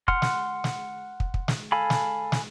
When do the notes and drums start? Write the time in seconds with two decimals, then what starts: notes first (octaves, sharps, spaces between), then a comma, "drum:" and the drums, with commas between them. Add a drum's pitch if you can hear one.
0.08 F#5 C6 F6, drum: kick
0.22 drum: snare
0.64 drum: snare
1.20 drum: kick
1.34 drum: kick
1.48 drum: snare
1.72 A4 F5 G#5 B5
1.90 drum: snare
2.32 drum: snare